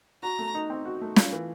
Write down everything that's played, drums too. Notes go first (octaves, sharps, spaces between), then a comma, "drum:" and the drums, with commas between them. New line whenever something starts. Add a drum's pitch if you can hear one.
F#4 A#5
A3
D#4
C4
F#4
A3
F4, drum: snare
E3